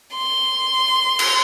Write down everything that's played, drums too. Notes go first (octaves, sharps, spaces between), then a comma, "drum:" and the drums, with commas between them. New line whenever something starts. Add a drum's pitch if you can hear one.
C6
drum: cymbal